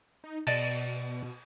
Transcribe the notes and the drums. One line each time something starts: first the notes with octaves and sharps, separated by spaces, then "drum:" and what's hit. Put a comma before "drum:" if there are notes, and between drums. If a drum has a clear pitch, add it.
D#4
B2 D5 D#5 A5, drum: cymbal